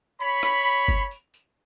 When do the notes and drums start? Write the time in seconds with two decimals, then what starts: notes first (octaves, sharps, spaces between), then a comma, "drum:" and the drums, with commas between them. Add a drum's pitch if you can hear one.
0.20 C#5 B5, drum: tambourine
0.43 drum: rim click
0.66 drum: tambourine
0.88 drum: kick G1, tambourine
1.11 drum: tambourine
1.34 drum: tambourine